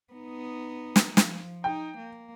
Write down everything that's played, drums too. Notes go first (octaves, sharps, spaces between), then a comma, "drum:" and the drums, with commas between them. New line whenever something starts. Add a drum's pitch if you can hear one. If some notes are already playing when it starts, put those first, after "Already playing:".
B3 D#4
drum: snare
F3, drum: snare
D#4 G5
A#3